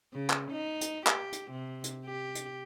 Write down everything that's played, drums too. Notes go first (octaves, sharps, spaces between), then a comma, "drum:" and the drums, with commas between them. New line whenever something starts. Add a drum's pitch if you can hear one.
C#3
drum: clap
D#4
drum: hi-hat
G4, drum: clap
drum: hi-hat
C3
drum: hi-hat
G4
drum: hi-hat